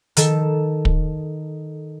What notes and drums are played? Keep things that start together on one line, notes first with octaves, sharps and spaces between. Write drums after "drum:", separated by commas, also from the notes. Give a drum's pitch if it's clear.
D#3 A4, drum: hi-hat
drum: kick